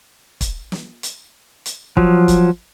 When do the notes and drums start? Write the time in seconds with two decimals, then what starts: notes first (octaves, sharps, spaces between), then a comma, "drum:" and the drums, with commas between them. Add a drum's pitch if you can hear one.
0.41 drum: kick, hi-hat
0.72 drum: snare
1.03 drum: hi-hat
1.66 drum: hi-hat
1.97 F3 F#3, drum: kick
2.28 drum: kick, hi-hat